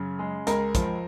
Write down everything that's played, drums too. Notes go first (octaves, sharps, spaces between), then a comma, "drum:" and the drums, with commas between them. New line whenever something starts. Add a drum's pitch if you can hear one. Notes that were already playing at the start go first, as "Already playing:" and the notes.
Already playing: F#2 C#3
G#3
C#2 A#4, drum: hi-hat
F3, drum: kick, hi-hat